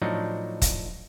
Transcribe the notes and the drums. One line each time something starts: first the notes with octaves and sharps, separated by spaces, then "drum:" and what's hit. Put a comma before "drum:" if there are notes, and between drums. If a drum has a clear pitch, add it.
A2 F3 F#3 D4 D#4
drum: kick, hi-hat